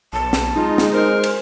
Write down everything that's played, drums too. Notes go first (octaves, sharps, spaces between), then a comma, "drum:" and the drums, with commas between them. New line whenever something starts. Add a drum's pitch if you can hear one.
B1 A5
drum: snare
G#3 D#4 F4
drum: snare
A#4 C5
drum: cymbal